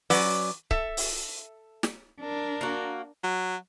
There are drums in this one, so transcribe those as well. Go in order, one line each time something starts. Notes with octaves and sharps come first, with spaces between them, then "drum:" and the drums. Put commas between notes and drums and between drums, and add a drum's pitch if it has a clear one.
F#3 C#4 B4 D5, drum: open hi-hat
A4 E5, drum: kick C#1
drum: open hi-hat
drum: snare
D4 A#4
A#3 F#4
F#3